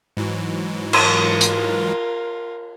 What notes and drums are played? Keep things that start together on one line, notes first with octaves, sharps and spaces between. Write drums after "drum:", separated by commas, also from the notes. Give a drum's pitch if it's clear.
G#2 E3 F#3
F4 A#4, drum: cymbal
drum: hi-hat